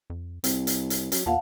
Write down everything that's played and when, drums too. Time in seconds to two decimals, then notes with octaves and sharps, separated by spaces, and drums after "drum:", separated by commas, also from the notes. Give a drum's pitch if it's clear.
0.10 F2
0.44 C2 C4, drum: hi-hat
0.67 drum: hi-hat
0.90 drum: hi-hat
1.12 F#3 C#4, drum: hi-hat
1.26 E2 A#2 F5 F#5 A5